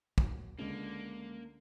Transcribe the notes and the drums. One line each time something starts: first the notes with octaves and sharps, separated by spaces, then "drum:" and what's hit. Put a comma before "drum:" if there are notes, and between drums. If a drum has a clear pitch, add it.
A#2 F#3, drum: kick
C#2 D3 G#3 A#3 D4